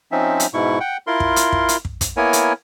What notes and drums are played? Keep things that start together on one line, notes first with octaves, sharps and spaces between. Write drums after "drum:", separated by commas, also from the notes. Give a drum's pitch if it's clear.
F3 C4 C#4 D#4 E5
drum: hi-hat
G#2 B2 E4 C#6
F#5 G5
E4 F4 A#4 C6
drum: kick
drum: hi-hat
drum: kick
drum: hi-hat
drum: kick
drum: kick, hi-hat
A#3 B3 E4 A#4 C#5 G#5
drum: hi-hat